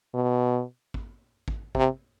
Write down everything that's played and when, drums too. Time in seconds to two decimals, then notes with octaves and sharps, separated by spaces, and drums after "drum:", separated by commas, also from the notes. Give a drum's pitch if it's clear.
0.15 B2
0.94 drum: kick G#1
1.48 drum: kick G#1
1.75 C3, drum: kick G#1